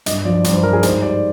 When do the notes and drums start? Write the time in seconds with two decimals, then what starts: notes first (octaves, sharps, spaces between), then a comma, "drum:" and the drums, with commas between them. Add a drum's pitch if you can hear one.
0.06 G2 D#5, drum: hi-hat
0.25 F3 D5
0.44 G2 D5, drum: hi-hat
0.54 C5
0.63 F3 A#4
0.73 G#4
0.83 G#2 C5, drum: hi-hat
1.02 G3 D5